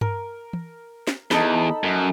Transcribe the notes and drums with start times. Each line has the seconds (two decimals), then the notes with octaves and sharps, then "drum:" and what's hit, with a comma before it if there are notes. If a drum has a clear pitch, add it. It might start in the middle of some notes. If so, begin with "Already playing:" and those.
0.01 A#4, drum: tom G2
0.53 drum: tom E3
1.07 drum: snare
1.31 E2 D#4 A4 B5, drum: snare
1.83 F#2